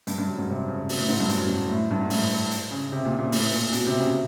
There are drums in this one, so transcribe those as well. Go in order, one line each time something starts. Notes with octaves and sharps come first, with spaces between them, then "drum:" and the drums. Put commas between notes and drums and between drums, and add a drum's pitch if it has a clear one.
G2, drum: hi-hat
G2
F#2
G#2
C3
C#3
B2, drum: open hi-hat
A2
G#2
G2
F#2, drum: hi-hat
G2
A2
G2
G#2
A2, drum: open hi-hat
drum: hi-hat
C#3
C3
A#2
A#2
A2, drum: open hi-hat
A#2
B2, drum: hi-hat
C3
C#3